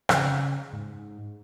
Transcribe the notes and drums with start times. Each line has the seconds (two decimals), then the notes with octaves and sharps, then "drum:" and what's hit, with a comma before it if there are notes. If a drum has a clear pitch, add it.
0.09 C#3, drum: rim click
0.73 G#2